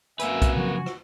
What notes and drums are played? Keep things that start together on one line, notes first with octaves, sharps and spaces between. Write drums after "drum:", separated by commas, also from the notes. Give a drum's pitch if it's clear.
F#2 A#3 B4 E5 G#5, drum: hi-hat
drum: kick B1, hi-hat
C#3 F3 F#3 F#4
drum: rim click